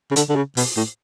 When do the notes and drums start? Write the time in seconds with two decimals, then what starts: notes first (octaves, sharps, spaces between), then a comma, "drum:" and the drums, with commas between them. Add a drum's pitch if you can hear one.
0.11 C#3
0.16 D3, drum: hi-hat
0.29 D3
0.36 C#3
0.57 B2, drum: open hi-hat
0.77 A2